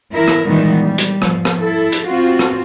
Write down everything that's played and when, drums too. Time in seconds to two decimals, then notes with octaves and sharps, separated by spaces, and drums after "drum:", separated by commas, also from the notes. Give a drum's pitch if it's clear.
0.14 E3 E4 A#4
0.28 drum: rim click
0.47 A#2 D#3 E3 G3 G#3 B3
0.81 G3
0.98 drum: hi-hat
1.22 F3, drum: rim click
1.45 drum: rim click
1.61 E4 A4
1.92 drum: hi-hat
2.07 C4 F4 F#4
2.39 drum: rim click